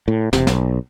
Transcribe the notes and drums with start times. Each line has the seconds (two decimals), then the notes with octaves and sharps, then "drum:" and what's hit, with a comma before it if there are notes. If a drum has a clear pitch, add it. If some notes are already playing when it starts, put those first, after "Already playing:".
0.08 A2
0.33 E1 C3, drum: snare
0.47 B1, drum: snare